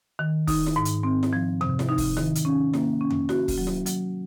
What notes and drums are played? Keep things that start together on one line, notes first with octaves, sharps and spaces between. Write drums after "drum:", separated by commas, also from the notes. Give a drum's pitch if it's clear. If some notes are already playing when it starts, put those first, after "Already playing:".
D#3
D#4, drum: kick, open hi-hat
drum: snare E4
G#2
drum: hi-hat
C4
drum: snare E4
F3
C3, drum: tom F2
drum: snare E4
D#4
drum: kick, open hi-hat
D#3, drum: snare E4
drum: hi-hat
C#4
A#3, drum: snare E4
C#4
drum: tom F2
F#4, drum: snare E4
drum: kick, open hi-hat
F#3
drum: snare E4
F#3, drum: hi-hat